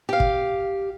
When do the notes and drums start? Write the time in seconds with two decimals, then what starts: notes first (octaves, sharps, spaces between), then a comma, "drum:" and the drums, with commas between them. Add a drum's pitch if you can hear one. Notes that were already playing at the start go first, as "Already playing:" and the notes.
0.09 G4 F5
0.20 drum: kick